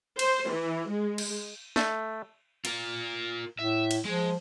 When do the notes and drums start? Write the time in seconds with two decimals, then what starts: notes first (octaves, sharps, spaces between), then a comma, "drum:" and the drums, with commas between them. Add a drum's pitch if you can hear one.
0.19 C5, drum: cymbal
0.50 E3
0.90 G#3
1.18 drum: cymbal
1.76 A3, drum: snare
2.65 F4 A#4, drum: cymbal
3.59 A2 E5
3.91 drum: cymbal
4.05 F3 G#3